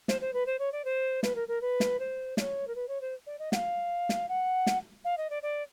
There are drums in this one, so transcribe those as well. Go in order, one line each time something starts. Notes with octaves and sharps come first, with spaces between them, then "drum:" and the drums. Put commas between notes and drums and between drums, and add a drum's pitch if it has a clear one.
C5, drum: snare
C5
B4
C5
C#5
D5
C5
B4, drum: snare
A#4
A#4
B4
drum: snare
C5
D5, drum: snare
C#5
A#4
B4
C#5
C5
D5
D#5
F#5, drum: snare
F5
drum: snare
F#5
drum: snare
F5
D#5
D5
D5